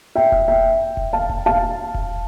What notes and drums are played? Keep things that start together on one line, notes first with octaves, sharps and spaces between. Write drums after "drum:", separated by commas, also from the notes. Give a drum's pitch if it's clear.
E5 G5
drum: kick E1
E5 G5
drum: kick E1
F5 A5
drum: kick E1
F5 A5
drum: kick E1